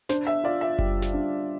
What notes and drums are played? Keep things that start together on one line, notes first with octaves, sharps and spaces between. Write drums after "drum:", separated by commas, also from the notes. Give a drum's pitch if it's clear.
D4 C5, drum: snare
E5
F4 D5
E5
G3, drum: kick F#1
drum: snare
D4